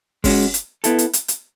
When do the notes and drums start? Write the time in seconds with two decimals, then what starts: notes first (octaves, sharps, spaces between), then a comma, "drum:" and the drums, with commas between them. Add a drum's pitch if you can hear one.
0.24 G#3 C#4 F#4, drum: kick, open hi-hat
0.54 drum: hi-hat
0.84 B3 E4 A4, drum: hi-hat
0.99 drum: hi-hat
1.13 drum: hi-hat
1.28 drum: hi-hat